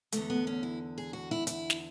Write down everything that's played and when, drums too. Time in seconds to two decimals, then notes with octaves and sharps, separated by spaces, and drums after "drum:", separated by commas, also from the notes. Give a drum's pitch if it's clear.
0.12 E2 D3 A3, drum: hi-hat
0.30 B3
0.47 C#4
0.63 E4
0.98 G#4
1.13 F#4
1.31 E4
1.47 E4, drum: hi-hat
1.70 drum: snare